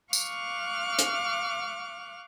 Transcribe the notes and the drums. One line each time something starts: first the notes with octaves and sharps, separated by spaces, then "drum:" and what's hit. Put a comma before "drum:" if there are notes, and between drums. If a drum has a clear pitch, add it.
F5 C#6 D6 F6 F#6, drum: tambourine
drum: hi-hat